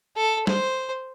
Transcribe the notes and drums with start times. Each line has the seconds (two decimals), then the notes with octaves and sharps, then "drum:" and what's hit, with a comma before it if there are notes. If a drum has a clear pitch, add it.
0.16 A4
0.47 C5, drum: snare